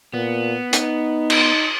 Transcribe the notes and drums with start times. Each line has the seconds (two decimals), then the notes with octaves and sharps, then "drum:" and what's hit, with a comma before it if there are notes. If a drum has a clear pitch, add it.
0.14 A#2 B3
0.73 D#4, drum: hi-hat
1.30 drum: cymbal